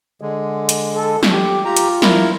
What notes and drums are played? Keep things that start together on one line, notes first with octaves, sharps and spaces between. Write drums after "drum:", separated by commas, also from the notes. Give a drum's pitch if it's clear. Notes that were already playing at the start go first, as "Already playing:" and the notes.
D3 G#3
drum: hi-hat
A4
drum: snare
G4
F4 G4 A#5
drum: hi-hat
E4 A#4, drum: snare